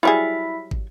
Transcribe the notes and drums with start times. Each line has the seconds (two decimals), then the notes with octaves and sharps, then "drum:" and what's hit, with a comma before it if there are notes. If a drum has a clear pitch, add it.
0.03 F#3 G3 E4 G#4 E5
0.71 drum: kick